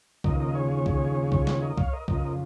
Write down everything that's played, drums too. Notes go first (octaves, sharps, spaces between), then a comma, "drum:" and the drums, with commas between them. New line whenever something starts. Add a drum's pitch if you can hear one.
D#2 C#3 F3 A#4 D#5, drum: kick C2
A#4 D#5
G#4 C#5
drum: kick C2
drum: kick C2
drum: snare
A#4 D#5
C#5 F5, drum: kick C2
A#4 D#5
F2 C#3 F3 A#4 D#5, drum: kick C2